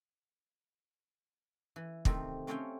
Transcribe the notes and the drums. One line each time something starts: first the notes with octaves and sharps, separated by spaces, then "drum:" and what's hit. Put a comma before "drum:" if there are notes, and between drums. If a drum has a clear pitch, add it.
E3
C3 D#3 A3 C4, drum: kick
A3 C4 C#4 C#5 F5 G5